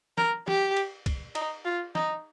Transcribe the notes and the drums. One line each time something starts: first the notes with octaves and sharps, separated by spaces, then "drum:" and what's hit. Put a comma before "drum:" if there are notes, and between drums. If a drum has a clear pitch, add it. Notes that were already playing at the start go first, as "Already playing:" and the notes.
A#4, drum: snare
G4, drum: snare
drum: cymbal
drum: kick, cymbal
D#4, drum: cymbal
F4
D#4, drum: snare